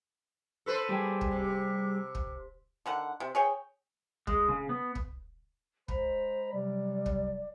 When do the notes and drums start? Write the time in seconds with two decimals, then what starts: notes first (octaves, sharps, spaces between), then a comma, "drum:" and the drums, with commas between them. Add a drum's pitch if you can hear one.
0.66 A4 B4 C5
0.89 G3 G4 G#4
1.21 drum: kick
1.31 C3
2.15 drum: kick
2.86 D3 D#3 F#5
3.20 C3
3.35 G#4 C#5 G5
4.27 G#3, drum: kick
4.49 C#3
4.69 B3
4.95 drum: kick
5.88 G#3 C5 A#5 B5, drum: kick
6.52 C3 F#3 G3 D5
7.06 drum: kick